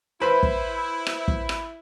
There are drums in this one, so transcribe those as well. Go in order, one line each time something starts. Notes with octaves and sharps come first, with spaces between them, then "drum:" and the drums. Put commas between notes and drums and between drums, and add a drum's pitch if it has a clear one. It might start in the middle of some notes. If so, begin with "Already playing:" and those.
E4 B4 C5 B5
drum: kick
drum: rim click
drum: kick
drum: rim click